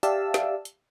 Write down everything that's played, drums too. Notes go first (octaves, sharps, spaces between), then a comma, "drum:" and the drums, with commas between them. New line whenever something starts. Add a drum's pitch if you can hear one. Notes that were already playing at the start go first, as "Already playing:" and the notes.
G4 D5 E5 F5 A5 E6, drum: hi-hat
drum: snare
drum: hi-hat